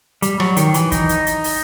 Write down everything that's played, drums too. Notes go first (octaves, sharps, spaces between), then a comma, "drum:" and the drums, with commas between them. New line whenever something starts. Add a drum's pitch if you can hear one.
G3, drum: hi-hat
F#3, drum: rim click
D#3, drum: hi-hat
E3, drum: hi-hat
D#4, drum: kick, hi-hat
drum: hi-hat
drum: hi-hat
drum: open hi-hat